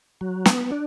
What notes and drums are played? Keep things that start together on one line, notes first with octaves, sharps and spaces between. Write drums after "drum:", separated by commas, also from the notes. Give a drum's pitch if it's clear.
F#3
B3, drum: snare
D4